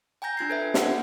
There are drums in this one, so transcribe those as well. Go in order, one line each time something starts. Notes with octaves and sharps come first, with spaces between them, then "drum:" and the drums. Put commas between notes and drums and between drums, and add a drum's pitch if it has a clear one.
G5 G#5 A#5 G6 A#6
D4 F4 G#6 C7
A4 B4 E5
A#3 D4 F#5 G5, drum: snare